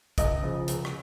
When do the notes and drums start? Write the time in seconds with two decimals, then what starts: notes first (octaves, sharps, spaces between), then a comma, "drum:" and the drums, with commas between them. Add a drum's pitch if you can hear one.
0.18 C#2 D#5, drum: kick, hi-hat
0.43 C#3 F3
0.68 C#2, drum: hi-hat
0.85 drum: rim click